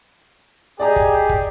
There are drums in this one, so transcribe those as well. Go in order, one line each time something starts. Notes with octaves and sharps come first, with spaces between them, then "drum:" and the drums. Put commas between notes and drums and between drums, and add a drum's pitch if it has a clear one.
G4 G#4 D5 D#5 A#5
drum: kick
drum: kick